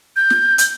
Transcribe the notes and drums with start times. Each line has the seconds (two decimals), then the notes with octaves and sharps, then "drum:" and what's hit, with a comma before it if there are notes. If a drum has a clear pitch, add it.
0.16 G6
0.30 drum: snare
0.58 drum: hi-hat